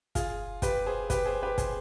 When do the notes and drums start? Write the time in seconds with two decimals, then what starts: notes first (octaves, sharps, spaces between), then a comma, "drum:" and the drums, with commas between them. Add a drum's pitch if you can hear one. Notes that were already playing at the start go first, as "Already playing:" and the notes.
0.15 F4 G#4, drum: kick, hi-hat
0.62 G4 B4, drum: kick, hi-hat
0.86 G#4 C5
1.10 G4 B4, drum: kick, hi-hat
1.26 G#4 C5
1.43 G4 B4
1.58 G#4 C5, drum: kick, hi-hat